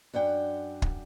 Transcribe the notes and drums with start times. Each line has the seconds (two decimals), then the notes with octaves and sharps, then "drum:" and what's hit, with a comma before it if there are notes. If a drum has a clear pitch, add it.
0.14 F#2 D4 F#5 G5
0.82 drum: kick